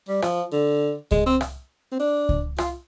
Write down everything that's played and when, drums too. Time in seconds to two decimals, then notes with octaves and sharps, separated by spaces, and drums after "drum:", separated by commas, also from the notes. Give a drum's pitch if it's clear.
0.08 G3
0.22 F3, drum: rim click
0.52 D3
1.11 G#3, drum: kick C#2
1.26 C4
1.41 drum: rim click
1.92 C4
2.00 D4
2.29 drum: kick C#2
2.58 F4, drum: rim click